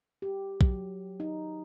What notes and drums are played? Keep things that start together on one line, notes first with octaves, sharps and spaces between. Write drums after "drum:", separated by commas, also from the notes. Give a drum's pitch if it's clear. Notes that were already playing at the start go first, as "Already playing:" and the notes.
G4
F#3, drum: kick A#1
D#4